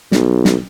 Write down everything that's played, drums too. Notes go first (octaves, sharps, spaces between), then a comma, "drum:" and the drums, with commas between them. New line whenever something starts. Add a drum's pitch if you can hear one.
B1, drum: snare
drum: snare